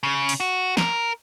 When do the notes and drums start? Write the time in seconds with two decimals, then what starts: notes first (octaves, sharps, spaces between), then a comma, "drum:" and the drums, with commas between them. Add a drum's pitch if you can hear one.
0.03 C#3
0.29 drum: open hi-hat
0.40 F#4
0.77 A#4, drum: snare